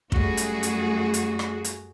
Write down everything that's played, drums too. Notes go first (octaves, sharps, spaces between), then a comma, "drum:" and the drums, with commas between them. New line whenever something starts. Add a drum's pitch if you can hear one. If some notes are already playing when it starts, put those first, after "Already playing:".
F#2 G3 A3 F#4 G#4, drum: kick
drum: hi-hat
drum: hi-hat
drum: hi-hat
drum: rim click
drum: hi-hat